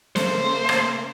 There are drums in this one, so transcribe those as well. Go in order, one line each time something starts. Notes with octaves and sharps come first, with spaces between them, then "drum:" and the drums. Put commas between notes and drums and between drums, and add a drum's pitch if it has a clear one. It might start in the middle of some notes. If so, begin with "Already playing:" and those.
C#3 A3 A#3 C5, drum: snare
drum: rim click